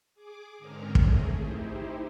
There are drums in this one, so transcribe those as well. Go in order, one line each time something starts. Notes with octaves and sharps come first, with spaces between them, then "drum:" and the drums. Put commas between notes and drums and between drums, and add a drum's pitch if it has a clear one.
G#4 D6
G#2 D3 C4 C#4 A#4 A#5
A3 G#4, drum: kick
D#4 E4 G4 C5